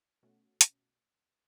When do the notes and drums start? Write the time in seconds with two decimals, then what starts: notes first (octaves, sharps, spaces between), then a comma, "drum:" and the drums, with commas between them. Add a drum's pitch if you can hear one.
0.23 B2 A3 C#4 F#4
0.61 drum: hi-hat